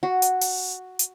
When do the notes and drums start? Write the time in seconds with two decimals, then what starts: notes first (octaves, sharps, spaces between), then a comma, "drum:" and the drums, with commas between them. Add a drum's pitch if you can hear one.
0.03 F#4
0.22 drum: hi-hat
0.41 drum: open hi-hat
0.99 drum: hi-hat